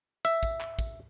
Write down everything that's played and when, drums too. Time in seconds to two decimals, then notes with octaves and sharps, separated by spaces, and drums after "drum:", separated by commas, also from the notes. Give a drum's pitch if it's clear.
0.25 E5, drum: tambourine
0.43 drum: kick, tambourine
0.61 drum: clap
0.79 drum: kick, tambourine